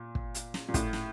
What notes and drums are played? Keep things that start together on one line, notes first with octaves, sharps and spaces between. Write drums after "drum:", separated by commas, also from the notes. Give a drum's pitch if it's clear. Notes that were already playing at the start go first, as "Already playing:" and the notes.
Already playing: A#2
drum: kick
drum: hi-hat
drum: snare
A#2
A2, drum: kick, hi-hat
drum: snare